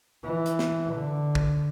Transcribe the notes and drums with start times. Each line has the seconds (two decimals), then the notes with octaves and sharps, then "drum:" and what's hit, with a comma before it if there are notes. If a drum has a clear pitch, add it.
0.23 E3
0.46 drum: hi-hat
0.59 drum: snare
0.93 D3
1.35 drum: kick